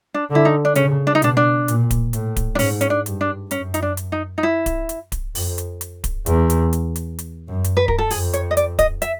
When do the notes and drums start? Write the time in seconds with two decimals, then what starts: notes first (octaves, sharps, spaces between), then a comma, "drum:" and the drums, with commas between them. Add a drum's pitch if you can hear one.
0.14 D4
0.30 D3
0.35 E4
0.45 D#4
0.65 D4
0.75 C#3 C#4, drum: hi-hat
1.07 D4
1.15 D#4
1.22 B2 D4, drum: hi-hat
1.37 D4
1.68 A#2, drum: hi-hat
1.91 drum: kick D1, hi-hat
2.13 A2, drum: hi-hat
2.36 drum: kick D1, hi-hat
2.55 D4
2.59 G#2 C#4, drum: open hi-hat
2.81 C#4, drum: hi-hat
2.90 D4
3.06 G2, drum: hi-hat
3.21 D4
3.51 F#2 C#4, drum: hi-hat
3.74 D#4, drum: hi-hat
3.82 D4
3.97 drum: hi-hat
4.12 D#4
4.38 D#4
4.43 E4
4.66 drum: kick D1, hi-hat
4.89 drum: hi-hat
5.12 drum: kick D1, hi-hat
5.35 F2, drum: open hi-hat
5.58 drum: hi-hat
5.81 drum: hi-hat
6.04 drum: kick D1, hi-hat
6.26 E2, drum: hi-hat
6.50 drum: hi-hat
6.73 drum: hi-hat
6.96 drum: hi-hat
7.19 drum: hi-hat
7.49 F#2
7.64 drum: hi-hat
7.77 B4
7.88 A#4, drum: kick D1
7.98 A4
8.10 F2 G#4, drum: open hi-hat
8.33 C#5, drum: hi-hat
8.51 D#5
8.57 D5, drum: hi-hat
8.79 D#5, drum: kick D1, hi-hat
9.02 E5, drum: hi-hat